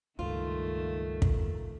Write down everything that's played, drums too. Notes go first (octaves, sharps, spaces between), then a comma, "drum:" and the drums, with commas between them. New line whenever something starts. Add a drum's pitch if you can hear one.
C#2 G2 D#3 A3 F4
drum: kick